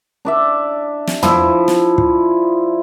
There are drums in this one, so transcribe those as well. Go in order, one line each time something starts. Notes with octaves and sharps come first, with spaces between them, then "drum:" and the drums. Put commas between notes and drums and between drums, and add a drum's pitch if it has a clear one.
D4 D5 E5
drum: snare
F3 E4 F4, drum: tom
drum: snare
drum: kick